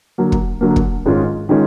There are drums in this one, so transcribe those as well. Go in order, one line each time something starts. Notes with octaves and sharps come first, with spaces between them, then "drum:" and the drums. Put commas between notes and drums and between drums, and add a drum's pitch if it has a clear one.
D3 F#3 A#3
drum: kick
D3 F#3 A#3
drum: kick
G#2 D#3 G#3 C#4 F4
D#3 G#3 C#4 F4